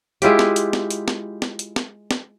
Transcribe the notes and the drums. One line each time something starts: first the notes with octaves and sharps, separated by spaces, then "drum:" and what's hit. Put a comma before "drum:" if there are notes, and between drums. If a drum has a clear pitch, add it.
G#3 E4 F4 G4, drum: hi-hat
drum: snare
drum: hi-hat
drum: snare
drum: hi-hat
drum: snare
drum: snare
drum: hi-hat
drum: snare
drum: snare